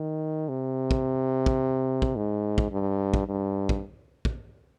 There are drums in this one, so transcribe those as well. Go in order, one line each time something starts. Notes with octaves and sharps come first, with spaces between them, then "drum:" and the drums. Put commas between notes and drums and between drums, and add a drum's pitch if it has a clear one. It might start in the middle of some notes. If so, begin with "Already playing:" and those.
Already playing: D#3
C3
drum: kick
drum: kick
drum: kick
G#2
drum: kick
G2
drum: kick
G2
drum: kick
drum: kick